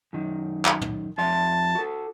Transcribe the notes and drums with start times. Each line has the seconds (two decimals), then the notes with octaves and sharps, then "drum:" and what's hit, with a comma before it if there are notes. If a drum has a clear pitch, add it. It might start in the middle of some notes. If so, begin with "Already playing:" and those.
0.13 F#2 D#3
0.65 drum: clap
0.81 drum: tom
1.18 F2 E5 A5 C6
1.75 F#4 A4